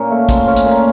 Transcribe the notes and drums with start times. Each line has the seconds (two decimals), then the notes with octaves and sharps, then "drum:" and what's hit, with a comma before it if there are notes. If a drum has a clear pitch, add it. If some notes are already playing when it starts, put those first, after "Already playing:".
Already playing: A#2 C#4
0.11 A3
0.29 F4, drum: kick, hi-hat
0.47 C#4
0.56 drum: hi-hat
0.66 A#2